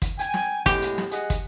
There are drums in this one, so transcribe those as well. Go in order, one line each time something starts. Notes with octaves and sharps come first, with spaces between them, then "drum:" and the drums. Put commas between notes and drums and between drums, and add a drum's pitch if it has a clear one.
drum: kick, hi-hat
G5 G#5, drum: hi-hat
drum: snare
A2 G#3 B3 G4, drum: kick, hi-hat
drum: hi-hat
drum: snare
G#4 D#5 F#5, drum: hi-hat
drum: kick, hi-hat